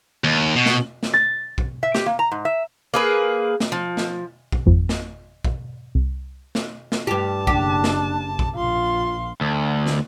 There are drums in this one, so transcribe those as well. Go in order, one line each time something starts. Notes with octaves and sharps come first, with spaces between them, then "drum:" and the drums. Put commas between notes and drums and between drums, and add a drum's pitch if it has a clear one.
D#2
B2
drum: snare
drum: snare
A6
drum: kick
E5
G4, drum: snare
A#3
A#5
G#2
E5
A#3 G#4 B4
drum: snare
F3
drum: snare
drum: kick
G#1 F2
drum: snare
drum: kick
C2
drum: snare
drum: snare
G2 G4 A5
F#1 D4 G4, drum: kick
drum: snare
drum: kick
A#1 F4 F5 C6
D2
drum: snare